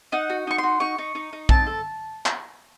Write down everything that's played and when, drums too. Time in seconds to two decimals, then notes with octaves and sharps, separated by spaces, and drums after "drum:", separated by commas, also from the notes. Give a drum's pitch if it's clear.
0.12 D#4 F#5
0.30 F#4
0.47 D#4 C#6
0.58 C6
0.63 F#4
0.80 D#4 C#6
0.98 D#4
1.15 D#4
1.33 D#4
1.49 C4 A5, drum: kick
1.67 A4
2.26 drum: clap